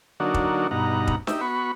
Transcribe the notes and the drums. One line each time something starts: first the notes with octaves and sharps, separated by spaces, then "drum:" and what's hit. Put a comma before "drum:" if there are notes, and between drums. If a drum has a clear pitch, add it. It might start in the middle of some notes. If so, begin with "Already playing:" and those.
D3 F#3 A#3 D4 D#4 F#4
drum: kick
G2 B2 D#4 F#5 A#5
drum: kick
D#4 G4 E5, drum: snare
B3 F#4 B5 C#6